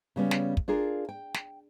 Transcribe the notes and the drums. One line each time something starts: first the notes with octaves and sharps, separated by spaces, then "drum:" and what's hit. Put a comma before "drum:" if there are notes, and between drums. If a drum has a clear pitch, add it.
C#3 G3 B3 C#4
drum: snare
drum: kick
D4 F4 G#4 A#4
G5
drum: snare